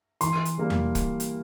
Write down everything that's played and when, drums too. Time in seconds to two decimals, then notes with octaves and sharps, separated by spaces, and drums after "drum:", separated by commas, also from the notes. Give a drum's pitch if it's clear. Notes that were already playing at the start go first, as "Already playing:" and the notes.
0.21 E3 C6, drum: hi-hat
0.45 drum: hi-hat
0.58 G3 A#3
0.70 drum: tom E2
0.95 drum: kick, hi-hat
1.20 drum: hi-hat